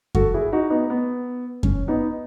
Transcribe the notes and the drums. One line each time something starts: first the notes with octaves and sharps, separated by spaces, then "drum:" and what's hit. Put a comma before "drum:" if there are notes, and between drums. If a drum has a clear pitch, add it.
F#4 A4, drum: kick F#2
E4 G#4
D#4 F#4
B3 D#4
B3
C#4, drum: kick F#2
B3 D#4